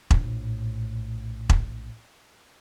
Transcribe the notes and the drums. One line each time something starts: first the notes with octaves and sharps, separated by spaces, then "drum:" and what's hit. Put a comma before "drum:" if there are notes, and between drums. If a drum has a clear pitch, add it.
A#1 A2, drum: kick E1
drum: kick E1